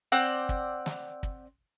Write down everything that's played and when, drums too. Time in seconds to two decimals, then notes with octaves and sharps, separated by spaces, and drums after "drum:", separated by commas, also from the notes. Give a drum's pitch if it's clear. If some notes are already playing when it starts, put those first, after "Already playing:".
0.12 C4 D5 F#5 G5
0.49 drum: kick
0.86 drum: snare
1.23 drum: kick